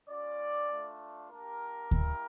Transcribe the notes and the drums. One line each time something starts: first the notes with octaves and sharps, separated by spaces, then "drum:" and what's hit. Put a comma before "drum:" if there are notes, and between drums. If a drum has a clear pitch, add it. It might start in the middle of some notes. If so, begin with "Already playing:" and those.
C#4 F4 D5
A3 D4 F4
A#3 D4 G4 A#4
A#3 E4 G4, drum: kick D2